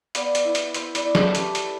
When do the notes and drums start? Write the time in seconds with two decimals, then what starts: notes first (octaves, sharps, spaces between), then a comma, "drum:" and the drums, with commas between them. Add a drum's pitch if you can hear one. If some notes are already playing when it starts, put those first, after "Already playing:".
0.15 B3 D5 F5, drum: hi-hat
0.35 drum: hi-hat
0.45 E4
0.55 drum: hi-hat
0.74 B3 C5 E5, drum: hi-hat
0.95 B4 D5, drum: hi-hat
1.05 E4
1.15 A4 C5, drum: snare
1.25 A4
1.35 A3 G4 B4, drum: hi-hat
1.55 drum: hi-hat